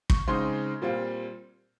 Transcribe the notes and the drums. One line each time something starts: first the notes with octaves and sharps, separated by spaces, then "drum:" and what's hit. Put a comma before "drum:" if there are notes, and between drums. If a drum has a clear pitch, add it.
C#6, drum: kick
C#3 G#3 C4 D#4 C6
A#2 G3 C4 F4